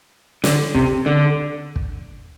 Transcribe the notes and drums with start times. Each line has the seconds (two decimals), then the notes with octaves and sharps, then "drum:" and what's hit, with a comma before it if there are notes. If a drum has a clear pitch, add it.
0.44 D3, drum: snare
0.75 C3, drum: kick
1.06 D3
1.76 drum: kick